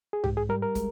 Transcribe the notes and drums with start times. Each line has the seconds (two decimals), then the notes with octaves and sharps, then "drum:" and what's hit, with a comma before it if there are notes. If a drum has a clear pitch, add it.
0.13 G#4
0.24 G#2 G4, drum: tom
0.37 G#4
0.49 G3 A#4
0.62 A#4
0.75 G#3, drum: kick, hi-hat